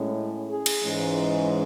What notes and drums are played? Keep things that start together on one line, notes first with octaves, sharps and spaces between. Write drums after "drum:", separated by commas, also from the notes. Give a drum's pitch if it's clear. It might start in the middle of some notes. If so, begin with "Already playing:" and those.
Already playing: A2 G#3 C#4
G#4
drum: cymbal
G#2 E3 G#3 C#4